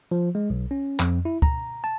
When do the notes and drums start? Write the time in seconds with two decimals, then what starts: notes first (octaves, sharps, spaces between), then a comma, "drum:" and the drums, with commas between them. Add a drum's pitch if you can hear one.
0.11 F3
0.35 G#3
0.50 B1
0.71 C#4
1.00 F2, drum: clap
1.25 E4
1.42 A#5, drum: kick C#2
1.84 A5